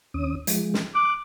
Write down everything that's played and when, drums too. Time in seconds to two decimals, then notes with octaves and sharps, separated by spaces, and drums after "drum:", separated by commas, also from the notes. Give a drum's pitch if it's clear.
0.14 D#2 C#4 D#6
0.47 F3 G#3, drum: hi-hat
0.74 drum: snare
0.95 D6 F#6